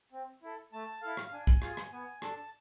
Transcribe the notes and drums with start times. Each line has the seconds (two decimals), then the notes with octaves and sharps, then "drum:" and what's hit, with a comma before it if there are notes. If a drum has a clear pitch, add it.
0.12 C4
0.43 E4 A4
0.73 A3 A5
1.02 E4 A4 F5
1.17 drum: rim click
1.26 F5
1.32 D4 G#5
1.47 drum: kick
1.62 F4 G#4, drum: rim click
1.77 drum: rim click
1.92 B3 G#5
2.22 D4 A4 A5, drum: rim click